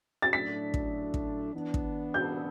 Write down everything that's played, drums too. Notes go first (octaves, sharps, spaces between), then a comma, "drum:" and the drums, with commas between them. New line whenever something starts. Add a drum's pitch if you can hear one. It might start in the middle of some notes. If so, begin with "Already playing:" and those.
A6
A2 F#3 A3 D4 B6
drum: kick
drum: kick
E3 B3 D4
drum: kick
G6